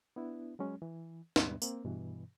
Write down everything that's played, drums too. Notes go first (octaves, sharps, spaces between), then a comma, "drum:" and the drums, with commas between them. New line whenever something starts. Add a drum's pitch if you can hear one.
B3 D4 E4
F#3 G#3 C#4
E3
D#2 G#2 B2 G3 B3 D4, drum: snare
A#3 C4, drum: tambourine
G2 B2 E3